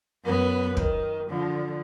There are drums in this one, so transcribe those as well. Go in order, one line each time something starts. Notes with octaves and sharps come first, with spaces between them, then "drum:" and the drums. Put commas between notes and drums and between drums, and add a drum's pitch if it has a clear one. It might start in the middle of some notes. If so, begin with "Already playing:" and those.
F#2 B3 B4
D#3, drum: kick
D3 F3